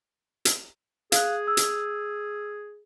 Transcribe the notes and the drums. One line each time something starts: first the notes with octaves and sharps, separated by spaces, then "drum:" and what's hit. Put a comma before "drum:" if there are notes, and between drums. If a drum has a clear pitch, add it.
drum: hi-hat
G#4 F5 F#6, drum: hi-hat
E6
drum: hi-hat